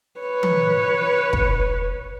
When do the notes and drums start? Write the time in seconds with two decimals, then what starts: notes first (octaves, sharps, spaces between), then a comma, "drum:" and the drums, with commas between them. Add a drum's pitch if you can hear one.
0.20 B4 C#5
0.43 drum: tom E3
1.33 drum: kick